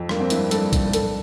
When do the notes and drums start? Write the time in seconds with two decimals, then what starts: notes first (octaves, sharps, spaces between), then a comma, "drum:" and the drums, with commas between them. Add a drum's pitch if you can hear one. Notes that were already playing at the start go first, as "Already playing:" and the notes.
Already playing: F2
0.09 G2 A#3, drum: rim click
0.20 C4
0.30 G2 E4, drum: hi-hat
0.51 G2 A4, drum: hi-hat
0.73 G2, drum: kick, hi-hat
0.93 G2 A4, drum: hi-hat